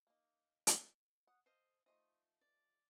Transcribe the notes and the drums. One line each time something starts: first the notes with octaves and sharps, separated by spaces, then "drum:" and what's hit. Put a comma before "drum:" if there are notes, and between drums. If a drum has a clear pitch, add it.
A#3 D#4
drum: hi-hat
F#5 D#6
A4 C5 D#5 F5
F3 A3 D#4 D#5 C6
D5